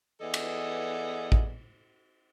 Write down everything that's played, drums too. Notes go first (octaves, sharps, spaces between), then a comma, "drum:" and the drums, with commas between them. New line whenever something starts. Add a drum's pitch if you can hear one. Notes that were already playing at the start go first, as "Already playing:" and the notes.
E3 B3 G#4 A4 D5 D#5
drum: cymbal
drum: kick A1